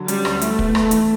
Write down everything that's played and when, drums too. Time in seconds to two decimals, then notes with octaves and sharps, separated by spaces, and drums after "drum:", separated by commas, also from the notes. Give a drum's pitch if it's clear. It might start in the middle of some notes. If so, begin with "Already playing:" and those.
Already playing: D3 F#3
0.08 G3 C#4, drum: hi-hat
0.25 D2, drum: rim click
0.41 A3 E4, drum: hi-hat
0.59 B3, drum: kick
0.75 A4, drum: rim click
0.91 E3, drum: hi-hat